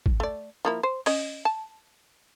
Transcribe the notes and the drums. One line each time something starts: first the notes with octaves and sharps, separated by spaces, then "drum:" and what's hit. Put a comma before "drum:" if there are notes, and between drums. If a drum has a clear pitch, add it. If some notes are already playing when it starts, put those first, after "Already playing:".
drum: kick
A3 D5
F3 A#3 E4
C5
C#4 D#5, drum: open hi-hat
A5